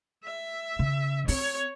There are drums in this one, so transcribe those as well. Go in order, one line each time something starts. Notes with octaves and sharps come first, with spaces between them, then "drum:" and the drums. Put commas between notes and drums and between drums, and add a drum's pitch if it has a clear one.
E5
C#3
C4 C#5, drum: open hi-hat